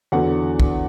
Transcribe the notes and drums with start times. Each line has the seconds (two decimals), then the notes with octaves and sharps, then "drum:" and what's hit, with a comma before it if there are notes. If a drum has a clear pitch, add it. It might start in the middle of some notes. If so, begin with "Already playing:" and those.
0.12 E2 D3 F#3 F#5
0.60 drum: kick